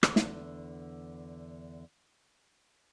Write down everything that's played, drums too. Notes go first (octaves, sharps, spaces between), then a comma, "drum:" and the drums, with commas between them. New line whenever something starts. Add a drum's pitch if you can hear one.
E2 D3, drum: rim click
drum: snare